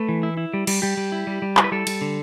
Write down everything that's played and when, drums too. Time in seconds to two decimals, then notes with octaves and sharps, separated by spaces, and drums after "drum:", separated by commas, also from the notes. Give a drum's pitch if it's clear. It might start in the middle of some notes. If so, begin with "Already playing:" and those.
Already playing: A3 B4
0.09 E3
0.23 E4
0.37 E4
0.54 G3
0.67 G3, drum: cymbal
0.82 G3 G4
0.97 G3
1.12 E4
1.27 G3
1.42 G3
1.57 E4, drum: clap
1.64 B4
1.72 G3 A4
1.87 G3, drum: cymbal
2.01 D3